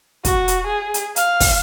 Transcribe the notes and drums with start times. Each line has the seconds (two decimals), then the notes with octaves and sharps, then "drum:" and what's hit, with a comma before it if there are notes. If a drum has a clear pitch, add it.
0.25 F#4, drum: kick, hi-hat
0.48 drum: hi-hat
0.67 G#4
0.94 drum: hi-hat
1.16 F5, drum: hi-hat
1.40 drum: kick, open hi-hat